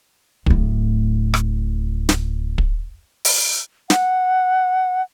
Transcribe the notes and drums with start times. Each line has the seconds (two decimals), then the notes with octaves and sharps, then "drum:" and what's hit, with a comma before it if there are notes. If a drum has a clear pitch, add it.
0.46 D1 A2, drum: kick
1.34 drum: rim click
2.09 drum: snare
2.58 drum: kick
3.25 drum: open hi-hat
3.90 F#5, drum: snare